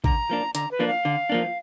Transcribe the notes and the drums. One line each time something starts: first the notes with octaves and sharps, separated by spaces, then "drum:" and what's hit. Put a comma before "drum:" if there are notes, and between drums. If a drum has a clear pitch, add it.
D3 A#5, drum: kick
F3 A#3 D4
D3 A#5, drum: hi-hat
B4
F3 A#3 D4
F5
D3
F3 A#3 D4